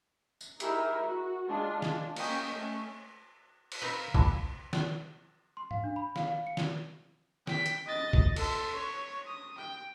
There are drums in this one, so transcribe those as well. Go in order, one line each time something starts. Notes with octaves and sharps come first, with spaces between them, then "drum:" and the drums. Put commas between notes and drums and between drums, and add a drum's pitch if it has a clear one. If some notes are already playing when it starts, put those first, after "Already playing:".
drum: tambourine
D#4 E4 G4 G#4 A#4 E5, drum: hi-hat
F#4
G#3 D4 F4
D4, drum: snare
A#3 C#4 D#5 G5, drum: cymbal
A3 C#4
drum: cymbal
C4 D#4 A#4 B4 F5 B5
F2 D3 E3 B5, drum: kick
drum: snare
C6
F5, drum: tom G#2
D4
B5
F5, drum: snare
F5
C#7
drum: snare
G5 B6, drum: snare
drum: hi-hat
D#5 A6
drum: kick
A4 C6, drum: cymbal
C#5
D#6
G5